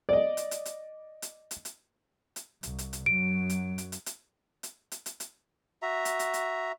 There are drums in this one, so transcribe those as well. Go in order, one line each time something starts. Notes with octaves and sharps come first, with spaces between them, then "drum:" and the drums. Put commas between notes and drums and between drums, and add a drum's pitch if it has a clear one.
D5 D#5
drum: hi-hat
drum: hi-hat
drum: hi-hat
drum: hi-hat
drum: hi-hat
drum: hi-hat
drum: hi-hat
C2, drum: hi-hat
drum: hi-hat
drum: hi-hat
F#2 F#3 D7
drum: hi-hat
drum: hi-hat
drum: hi-hat
drum: hi-hat
drum: hi-hat
drum: hi-hat
drum: hi-hat
drum: hi-hat
F#4 E5 A#5
drum: hi-hat
drum: hi-hat
drum: hi-hat